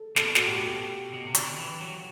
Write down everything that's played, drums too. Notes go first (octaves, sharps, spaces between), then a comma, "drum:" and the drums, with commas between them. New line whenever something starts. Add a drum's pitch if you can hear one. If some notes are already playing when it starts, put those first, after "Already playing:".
Already playing: A4
B2 A4, drum: snare
F#4, drum: snare
A2 G4
B2
B2
C3
D3, drum: hi-hat
E3
F#3